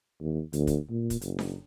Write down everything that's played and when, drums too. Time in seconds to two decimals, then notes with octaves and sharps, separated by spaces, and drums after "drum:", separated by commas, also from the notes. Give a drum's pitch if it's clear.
0.21 D#2
0.53 D2, drum: hi-hat
0.67 drum: kick, hi-hat
0.90 A#2
1.10 drum: kick, hi-hat
1.21 F#1, drum: hi-hat
1.39 drum: snare D4